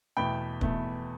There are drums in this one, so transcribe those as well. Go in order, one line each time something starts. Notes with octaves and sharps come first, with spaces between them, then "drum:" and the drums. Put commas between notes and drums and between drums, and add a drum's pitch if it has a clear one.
E2 B2 A3 G5 B5
E2 B2 A3, drum: kick